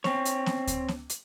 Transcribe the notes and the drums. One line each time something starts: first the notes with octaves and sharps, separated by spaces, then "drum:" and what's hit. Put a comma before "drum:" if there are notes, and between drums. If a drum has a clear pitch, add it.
C4 C#5, drum: snare B3
drum: hi-hat
drum: snare B3
drum: kick D2, hi-hat
drum: snare B3
drum: hi-hat